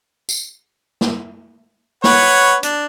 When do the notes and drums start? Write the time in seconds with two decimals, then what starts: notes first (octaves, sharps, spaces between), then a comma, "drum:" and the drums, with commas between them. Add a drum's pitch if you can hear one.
0.29 drum: tambourine
1.01 drum: snare
2.04 B4 C#5 F#5, drum: snare
2.63 D4, drum: hi-hat